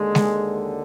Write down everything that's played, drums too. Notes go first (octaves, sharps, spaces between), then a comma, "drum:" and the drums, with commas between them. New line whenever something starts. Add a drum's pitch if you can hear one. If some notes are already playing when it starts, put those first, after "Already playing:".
Already playing: D#2 D3 G#3
drum: snare G#3